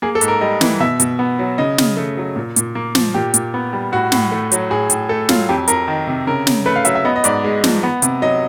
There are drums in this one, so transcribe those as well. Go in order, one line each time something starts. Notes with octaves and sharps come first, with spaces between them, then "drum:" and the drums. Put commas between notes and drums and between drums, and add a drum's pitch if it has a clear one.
A#3 G#4
A4
G#2, drum: hi-hat
A#4
G3 D#5
E3, drum: snare
B2 E5
B2, drum: hi-hat
B3
F#3
C#3 D#5
C#3, drum: snare
A3
F#3
A#2
A#2, drum: hi-hat
A#3
F3, drum: snare
A#2 G4
A#2, drum: hi-hat
B3
G3
A2 F#4
A2, drum: snare
A3
F#3, drum: hi-hat
A2 G#4
A2, drum: hi-hat
A3 A4
F#3 F4, drum: snare
F2 G4
F2 A#4, drum: hi-hat
D#3
C3
C#3 A#4
C#3, drum: snare
A3 B4
F5
F#3 E5, drum: hi-hat
E5
B3 D#5
D#5
G#2 D5, drum: hi-hat
G#3
F3, drum: snare
B3
C3, drum: hi-hat
F#3 D#5